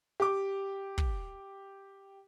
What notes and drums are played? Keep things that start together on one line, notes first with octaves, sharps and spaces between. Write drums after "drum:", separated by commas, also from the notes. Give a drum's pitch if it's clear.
G4 D6
drum: kick